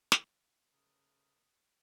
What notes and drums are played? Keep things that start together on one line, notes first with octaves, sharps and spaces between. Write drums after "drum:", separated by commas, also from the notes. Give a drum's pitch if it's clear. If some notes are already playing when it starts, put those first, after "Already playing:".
drum: snare
C#3 A3 A#4 B4 D#6